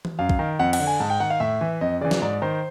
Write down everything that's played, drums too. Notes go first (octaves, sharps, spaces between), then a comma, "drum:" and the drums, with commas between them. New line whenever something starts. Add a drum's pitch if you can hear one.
drum: tom E3
F#2 F5
drum: kick
D#3
F2 F#5
F#5, drum: cymbal
D3
G#5
G#2 A5
G5
D#3 F#5
F5
A2 E5
E3
F2 D#5
C#3 E3 D5
drum: snare
G#2 D5
D#3 C5